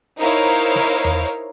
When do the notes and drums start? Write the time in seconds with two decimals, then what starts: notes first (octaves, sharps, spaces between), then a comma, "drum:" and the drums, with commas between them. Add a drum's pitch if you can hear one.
0.19 D#4 E4 A#4 C5 C#5 F5
0.75 drum: snare
1.04 drum: tom E2